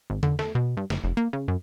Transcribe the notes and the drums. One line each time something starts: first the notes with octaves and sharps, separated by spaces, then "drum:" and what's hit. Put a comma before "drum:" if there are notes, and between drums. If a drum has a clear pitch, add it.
G#1
D3, drum: tom E2
A3, drum: snare
B2
G2
F#1, drum: snare
F1
A#3
C#3
F#2